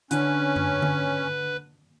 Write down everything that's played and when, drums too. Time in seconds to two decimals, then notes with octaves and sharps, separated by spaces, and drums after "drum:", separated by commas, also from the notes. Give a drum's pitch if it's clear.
0.11 D3 C#4 B4, drum: hi-hat
0.56 drum: tom F#2
0.82 drum: tom D3